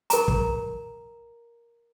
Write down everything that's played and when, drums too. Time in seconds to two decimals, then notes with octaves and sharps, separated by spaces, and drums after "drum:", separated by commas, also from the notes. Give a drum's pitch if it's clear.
0.10 A#4 A#5, drum: hi-hat
0.28 drum: kick